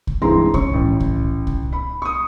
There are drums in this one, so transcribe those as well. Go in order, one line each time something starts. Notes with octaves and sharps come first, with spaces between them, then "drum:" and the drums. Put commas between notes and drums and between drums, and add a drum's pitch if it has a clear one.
drum: kick C2
G2 E3 G#3 C4 A#5 C6
C#4 C#6, drum: kick C2
A1
drum: kick C2
drum: kick C2
B5
C#6 D#6